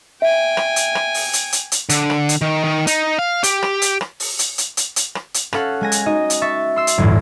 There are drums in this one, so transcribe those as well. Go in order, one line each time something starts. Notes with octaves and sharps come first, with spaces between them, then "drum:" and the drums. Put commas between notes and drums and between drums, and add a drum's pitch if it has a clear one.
E5 G5 G#5
drum: rim click
drum: hi-hat
drum: rim click
drum: open hi-hat
drum: hi-hat
drum: hi-hat
drum: hi-hat
D3, drum: hi-hat
drum: rim click
drum: hi-hat
D#3
D#3
D#4, drum: hi-hat
F5
G4, drum: hi-hat
drum: rim click
drum: hi-hat
drum: rim click
drum: open hi-hat
drum: hi-hat
drum: hi-hat
drum: hi-hat
drum: hi-hat
drum: rim click
drum: hi-hat
C#4 A4 F5 F#5, drum: rim click
G#3 G#5 A#6
drum: hi-hat
D#4 F#4 D#5
drum: hi-hat
E5 C#6 A6
C6 E6 C7
drum: hi-hat
G1 E2 A2